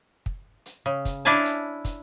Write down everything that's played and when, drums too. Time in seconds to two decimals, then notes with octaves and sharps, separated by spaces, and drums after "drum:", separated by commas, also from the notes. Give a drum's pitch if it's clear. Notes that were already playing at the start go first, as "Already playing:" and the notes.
0.26 drum: kick
0.66 drum: hi-hat
0.86 C#3
1.05 drum: kick, hi-hat
1.25 D4 E4 F5 G#5 A5
1.45 drum: hi-hat
1.85 drum: kick, hi-hat